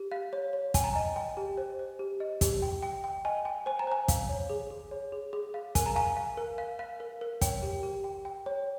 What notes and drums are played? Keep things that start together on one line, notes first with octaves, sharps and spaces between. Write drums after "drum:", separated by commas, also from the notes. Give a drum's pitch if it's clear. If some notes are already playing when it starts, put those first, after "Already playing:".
Already playing: G4
F5
C#5
C#5
G5 G#5, drum: kick, hi-hat
A#5
D#5 G#5
D#5 G5
G4
C5
C5
G4
D#5
G4, drum: kick, hi-hat
G5
G5
G5
D#5 G#5
G5
C5 G#5
A#5
C5 G#5
F5, drum: kick, hi-hat
C#5
G#4
G#4
C#5
G#4
G#4
F5
A#4 G#5, drum: kick, hi-hat
A#5
F5 G#5
F5
A#4
F5
F5
A#4
A#4
C#5 G5, drum: kick, hi-hat
G4
G4
G5
G5
C#5